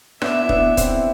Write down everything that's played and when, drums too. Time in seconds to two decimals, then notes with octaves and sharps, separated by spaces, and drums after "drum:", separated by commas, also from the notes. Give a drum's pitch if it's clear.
0.21 B3 D4 E5, drum: rim click
0.42 E4
0.49 B3 D4, drum: kick D#1
0.77 C4 E4, drum: kick D#1, hi-hat